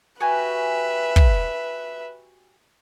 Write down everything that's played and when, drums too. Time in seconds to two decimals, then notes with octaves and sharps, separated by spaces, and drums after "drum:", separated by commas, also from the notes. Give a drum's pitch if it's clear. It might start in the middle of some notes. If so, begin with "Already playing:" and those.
0.20 F#4 G4 B4 E5 G#5
1.16 drum: kick